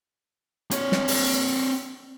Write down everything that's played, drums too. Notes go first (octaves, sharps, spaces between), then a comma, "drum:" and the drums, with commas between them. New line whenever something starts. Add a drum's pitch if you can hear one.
C4 C#5, drum: hi-hat
drum: snare
drum: open hi-hat